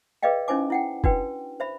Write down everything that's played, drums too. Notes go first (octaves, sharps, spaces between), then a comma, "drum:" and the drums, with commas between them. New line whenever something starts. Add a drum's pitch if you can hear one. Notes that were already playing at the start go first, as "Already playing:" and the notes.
G#4 B4 D5 D#5 F5 G5
C#4 D#4 E4 C5 G#5 D6
E4 F#5 G5
D4 F#4 B4 G5, drum: kick
C5 E5 B5